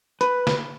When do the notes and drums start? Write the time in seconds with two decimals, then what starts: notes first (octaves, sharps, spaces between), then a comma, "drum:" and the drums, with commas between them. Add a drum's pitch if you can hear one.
0.21 B4, drum: hi-hat
0.47 drum: snare